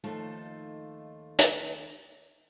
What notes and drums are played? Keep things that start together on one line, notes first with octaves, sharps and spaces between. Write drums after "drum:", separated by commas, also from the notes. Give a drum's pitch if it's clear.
D#2 F3 A3 D#4 F4 A4
drum: hi-hat